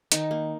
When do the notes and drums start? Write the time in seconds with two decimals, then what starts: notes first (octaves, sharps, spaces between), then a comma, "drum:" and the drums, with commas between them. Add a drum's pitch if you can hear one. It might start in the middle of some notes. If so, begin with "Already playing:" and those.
0.12 D#3 D#4, drum: hi-hat
0.31 A#3